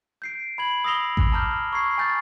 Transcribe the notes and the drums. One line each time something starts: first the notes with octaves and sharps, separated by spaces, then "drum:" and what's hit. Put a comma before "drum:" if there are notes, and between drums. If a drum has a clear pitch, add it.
G6 C7 D7
B5 G#6 F#7
D#6 E6 A#6 C7 F7 G7
drum: kick A1
A5 A#5 D6 F6 G6
A#5 C#6 G#6 C7
G#5 D#6 G6 A6